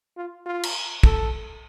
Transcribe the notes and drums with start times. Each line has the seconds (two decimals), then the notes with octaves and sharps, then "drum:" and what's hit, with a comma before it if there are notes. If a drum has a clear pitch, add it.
0.17 F4
0.46 F4
0.63 drum: cymbal
1.03 A4, drum: kick